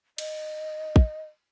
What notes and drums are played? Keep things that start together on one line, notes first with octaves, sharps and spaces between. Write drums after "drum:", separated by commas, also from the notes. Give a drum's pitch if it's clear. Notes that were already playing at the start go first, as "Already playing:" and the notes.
D#5, drum: cymbal
drum: kick